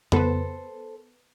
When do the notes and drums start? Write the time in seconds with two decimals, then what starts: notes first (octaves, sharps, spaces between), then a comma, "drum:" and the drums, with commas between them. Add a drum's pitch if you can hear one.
0.12 B3 A4 B4 C5, drum: tom F2